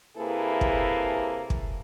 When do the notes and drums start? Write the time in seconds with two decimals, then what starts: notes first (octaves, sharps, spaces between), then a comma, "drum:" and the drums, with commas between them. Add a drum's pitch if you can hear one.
0.17 C3 A#3 E4 G#4 A4 B4
0.61 drum: kick
1.50 drum: kick